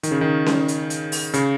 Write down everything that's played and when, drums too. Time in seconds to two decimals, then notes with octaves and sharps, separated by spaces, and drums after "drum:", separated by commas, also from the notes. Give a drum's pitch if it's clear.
0.03 D#3, drum: hi-hat
0.11 C#3
0.21 D#3
0.46 drum: snare C#4
0.68 drum: hi-hat
0.90 drum: hi-hat
1.12 drum: open hi-hat
1.34 C#3, drum: hi-hat